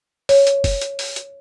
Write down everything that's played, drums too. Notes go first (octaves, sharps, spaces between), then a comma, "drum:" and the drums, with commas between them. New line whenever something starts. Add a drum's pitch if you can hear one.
C#5, drum: open hi-hat
drum: hi-hat
drum: kick, open hi-hat
drum: hi-hat
drum: open hi-hat
drum: hi-hat